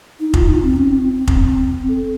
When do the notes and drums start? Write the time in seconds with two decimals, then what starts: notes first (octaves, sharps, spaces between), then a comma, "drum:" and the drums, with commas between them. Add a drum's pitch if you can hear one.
0.20 D#4
0.34 F4, drum: kick F1
0.48 D#4
0.62 C4
0.76 C#4
0.95 C4
1.14 C4
1.27 drum: kick F1
1.88 A4